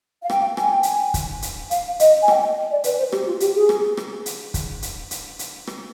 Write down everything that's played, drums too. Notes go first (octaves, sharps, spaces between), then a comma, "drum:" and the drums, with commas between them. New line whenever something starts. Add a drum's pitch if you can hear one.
F5
G5, drum: rim click
G#5, drum: rim click
G5
G#5, drum: hi-hat
drum: kick, hi-hat
drum: hi-hat
F5, drum: hi-hat
D#5, drum: hi-hat
G#5
G5, drum: rim click
D#5
D5
B4, drum: hi-hat
C5
G4, drum: rim click
F4
G4, drum: hi-hat
G#4
drum: rim click
drum: rim click
drum: hi-hat
drum: kick, hi-hat
drum: hi-hat
drum: hi-hat
drum: hi-hat
drum: rim click